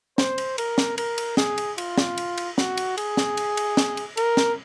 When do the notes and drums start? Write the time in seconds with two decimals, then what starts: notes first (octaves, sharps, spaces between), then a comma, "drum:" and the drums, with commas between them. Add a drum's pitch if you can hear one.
0.18 C5, drum: snare
0.38 drum: cymbal
0.58 A#4, drum: cymbal
0.78 drum: snare
0.98 A#4, drum: cymbal
1.18 drum: cymbal
1.37 G#4, drum: snare
1.58 drum: cymbal
1.78 F4, drum: cymbal
1.98 drum: snare
2.18 drum: cymbal
2.37 drum: cymbal
2.58 F#4, drum: snare
2.77 drum: cymbal
2.97 G#4, drum: cymbal
3.17 drum: snare
3.37 drum: cymbal
3.57 drum: cymbal
3.77 drum: snare
3.97 drum: cymbal
4.17 A#4, drum: cymbal
4.37 drum: snare